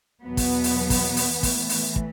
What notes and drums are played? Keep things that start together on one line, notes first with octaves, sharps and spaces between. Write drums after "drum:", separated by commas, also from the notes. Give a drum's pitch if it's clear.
E2 B2 F#3 B3
drum: kick, open hi-hat
drum: open hi-hat
drum: kick, open hi-hat
drum: open hi-hat
A2 E3
drum: kick, open hi-hat
drum: open hi-hat
drum: kick